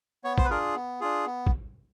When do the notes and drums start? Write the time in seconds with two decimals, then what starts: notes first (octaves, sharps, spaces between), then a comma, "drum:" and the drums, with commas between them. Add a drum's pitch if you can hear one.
0.24 B3 C#5
0.38 C5, drum: kick
0.45 B4
0.50 D4 F4 G#4 A#4
0.75 B3
1.01 D4 F4 G#4
1.26 B3
1.46 drum: kick